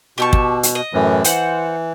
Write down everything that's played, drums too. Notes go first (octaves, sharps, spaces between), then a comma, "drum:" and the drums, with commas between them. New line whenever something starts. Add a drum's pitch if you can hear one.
B2 G4 A5 C#6
drum: kick
drum: hi-hat
D#5
F#2 A2 E3
E3 C5 F#5, drum: hi-hat